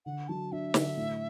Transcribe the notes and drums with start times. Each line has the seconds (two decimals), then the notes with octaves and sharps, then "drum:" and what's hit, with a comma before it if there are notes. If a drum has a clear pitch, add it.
0.06 D3 F#5
0.28 F#3 A5
0.52 D4 E5
0.74 D3, drum: snare
0.97 A2